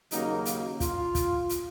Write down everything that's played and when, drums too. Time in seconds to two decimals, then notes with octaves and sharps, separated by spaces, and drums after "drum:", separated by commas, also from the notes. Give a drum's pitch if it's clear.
0.11 D#2 C#3 F#3 A#3 D#4, drum: hi-hat
0.45 drum: hi-hat
0.80 F4, drum: kick, hi-hat
1.15 drum: kick, hi-hat
1.49 drum: hi-hat